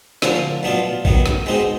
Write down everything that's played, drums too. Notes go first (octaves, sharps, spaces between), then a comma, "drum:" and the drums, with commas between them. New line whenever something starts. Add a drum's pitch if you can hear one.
D3 F3 A#3 C#4, drum: snare
B2 F#3 B3 D4 F4
D#3 F#3 B3, drum: kick
drum: snare
B2 G#3 C4 D#4 F#4